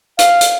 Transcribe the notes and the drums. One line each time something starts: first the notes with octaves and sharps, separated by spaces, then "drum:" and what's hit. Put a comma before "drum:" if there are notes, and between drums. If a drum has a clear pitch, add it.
F5, drum: hi-hat
drum: hi-hat